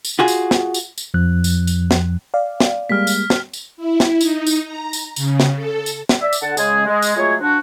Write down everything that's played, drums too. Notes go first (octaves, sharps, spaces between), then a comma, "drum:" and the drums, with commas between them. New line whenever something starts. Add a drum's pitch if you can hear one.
drum: tambourine
F4 F#4 G#4
drum: tambourine
drum: snare
drum: tambourine
drum: tambourine
F2 F3 F#6
drum: tambourine
drum: tambourine
drum: snare
D5 F5
drum: snare
G3 G#3 A#3 F6 B6
drum: tambourine
drum: snare
drum: tambourine
E4
drum: snare
D#4, drum: tambourine
drum: tambourine
A#5
drum: tambourine
C#3, drum: tambourine
drum: snare
A4
drum: tambourine
drum: snare
D5 E5
drum: tambourine
D3 F#5 A5
C#3 G#3 G#4, drum: tambourine
G#3
drum: tambourine
F#3 G#3 A3 F4 G#4 C#5
F3 D4 F#4